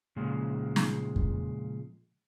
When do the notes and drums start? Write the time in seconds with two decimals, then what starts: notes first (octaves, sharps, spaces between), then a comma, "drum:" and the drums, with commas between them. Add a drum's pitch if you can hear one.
0.16 A#2 C#3 F3 G#3
0.76 drum: snare
1.16 drum: kick F2